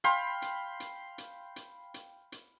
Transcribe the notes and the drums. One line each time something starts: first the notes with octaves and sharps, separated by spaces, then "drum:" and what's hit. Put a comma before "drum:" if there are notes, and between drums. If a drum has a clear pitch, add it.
F5 G5 B5 C6, drum: hi-hat
drum: hi-hat
drum: hi-hat
drum: hi-hat
drum: hi-hat
drum: hi-hat
drum: hi-hat